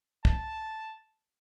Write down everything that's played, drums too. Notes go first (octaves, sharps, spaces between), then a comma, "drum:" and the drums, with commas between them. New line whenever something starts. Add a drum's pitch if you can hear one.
A5, drum: kick